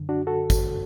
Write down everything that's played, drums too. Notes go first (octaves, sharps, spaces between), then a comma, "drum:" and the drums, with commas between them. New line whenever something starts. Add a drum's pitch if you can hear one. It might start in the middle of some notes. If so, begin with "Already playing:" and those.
Already playing: F#2 D3
D4 F#4
F#4 A4
drum: kick, tambourine